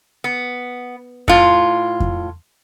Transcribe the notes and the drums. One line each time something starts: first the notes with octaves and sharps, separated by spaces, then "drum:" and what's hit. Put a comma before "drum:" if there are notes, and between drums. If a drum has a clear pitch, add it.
B3
A2 F4, drum: kick F2
drum: kick F2